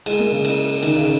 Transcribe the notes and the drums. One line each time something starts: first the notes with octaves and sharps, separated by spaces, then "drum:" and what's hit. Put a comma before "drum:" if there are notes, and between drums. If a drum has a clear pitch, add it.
G#3, drum: cymbal
A#3
C#3
drum: cymbal
D#3, drum: cymbal
C#3